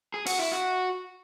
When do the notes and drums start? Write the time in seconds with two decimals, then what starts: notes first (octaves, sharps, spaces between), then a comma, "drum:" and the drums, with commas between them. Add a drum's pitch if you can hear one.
0.14 G#4
0.26 F#4, drum: open hi-hat
0.39 E4
0.52 F#4